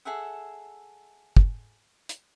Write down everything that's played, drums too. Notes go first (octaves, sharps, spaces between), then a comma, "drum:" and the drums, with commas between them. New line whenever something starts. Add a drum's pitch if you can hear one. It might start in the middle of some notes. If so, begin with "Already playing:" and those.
G#4 A4 E5 F#5
drum: kick
drum: hi-hat